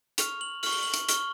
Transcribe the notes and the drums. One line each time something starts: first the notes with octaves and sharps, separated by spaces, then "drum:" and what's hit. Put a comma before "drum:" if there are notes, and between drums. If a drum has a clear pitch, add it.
C#6 F6 F7, drum: hi-hat
F#7
C#6 F6 F#7, drum: open hi-hat
G7
F#7
drum: hi-hat
C#6 F6 G7, drum: hi-hat